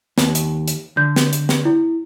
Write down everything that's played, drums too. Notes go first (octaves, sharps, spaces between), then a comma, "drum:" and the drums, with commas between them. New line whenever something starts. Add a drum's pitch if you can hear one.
D#2, drum: snare
drum: hi-hat
drum: hi-hat
D3 G6
drum: snare
drum: hi-hat
drum: snare
E4